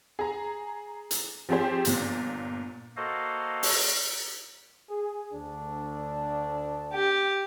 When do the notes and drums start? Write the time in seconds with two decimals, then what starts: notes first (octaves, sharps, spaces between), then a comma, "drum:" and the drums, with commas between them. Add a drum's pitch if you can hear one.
0.19 G#4 A#5
1.11 drum: hi-hat
1.49 F3 C4 G4 G#4 C5
1.85 G1 A#2, drum: hi-hat
2.97 A#3 F#4 A4 C5 D#5 F5
3.63 drum: open hi-hat
4.89 G#4
5.32 D2 D4
6.92 G4